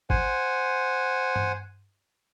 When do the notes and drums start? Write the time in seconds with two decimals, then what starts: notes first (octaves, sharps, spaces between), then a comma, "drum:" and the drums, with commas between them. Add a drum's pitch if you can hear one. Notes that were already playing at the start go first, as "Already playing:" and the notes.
0.10 C5 F#5 G#5, drum: kick
1.36 drum: tom G2